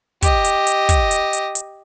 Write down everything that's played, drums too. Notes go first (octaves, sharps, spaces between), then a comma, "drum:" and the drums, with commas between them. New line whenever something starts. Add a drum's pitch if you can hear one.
G4 D#5, drum: kick, hi-hat
drum: hi-hat
drum: hi-hat
drum: kick, hi-hat
drum: hi-hat
drum: hi-hat
drum: hi-hat